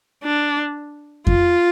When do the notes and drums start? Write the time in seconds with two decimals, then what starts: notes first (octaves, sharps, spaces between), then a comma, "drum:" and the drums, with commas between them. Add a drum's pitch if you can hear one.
0.24 D4
1.27 F4, drum: kick F2